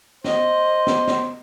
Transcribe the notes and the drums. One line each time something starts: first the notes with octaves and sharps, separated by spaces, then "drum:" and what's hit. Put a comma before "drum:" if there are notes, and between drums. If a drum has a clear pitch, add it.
C5 D#5, drum: snare
drum: snare
drum: snare